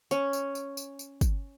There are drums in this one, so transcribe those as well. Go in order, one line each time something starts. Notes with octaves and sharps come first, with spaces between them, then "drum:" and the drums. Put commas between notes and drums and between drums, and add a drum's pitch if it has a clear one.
C#4, drum: tambourine
drum: tambourine
drum: tambourine
drum: tambourine
drum: tambourine
drum: kick, tambourine